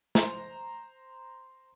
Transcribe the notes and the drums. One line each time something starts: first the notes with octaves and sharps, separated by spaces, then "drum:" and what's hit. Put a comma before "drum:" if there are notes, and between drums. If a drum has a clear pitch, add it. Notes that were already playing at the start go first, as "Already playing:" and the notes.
C5 A#5, drum: snare